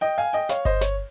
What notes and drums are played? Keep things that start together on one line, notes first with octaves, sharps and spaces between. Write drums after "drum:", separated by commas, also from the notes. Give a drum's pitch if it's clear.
D#5 G5, drum: hi-hat
F5 G#5, drum: hi-hat
D#5 G5, drum: hi-hat
C#5 F5, drum: snare
C5 D#5, drum: kick G1, hi-hat
C#5, drum: snare